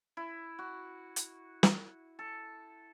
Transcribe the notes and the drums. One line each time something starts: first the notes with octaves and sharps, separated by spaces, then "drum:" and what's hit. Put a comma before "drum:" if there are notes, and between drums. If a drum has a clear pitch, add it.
E4
F#4
drum: hi-hat
drum: snare
A4